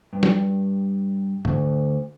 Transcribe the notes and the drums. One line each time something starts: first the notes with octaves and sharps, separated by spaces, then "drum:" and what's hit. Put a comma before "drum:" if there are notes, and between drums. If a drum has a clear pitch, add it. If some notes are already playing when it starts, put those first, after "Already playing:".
G2
drum: snare
D2, drum: tom G#2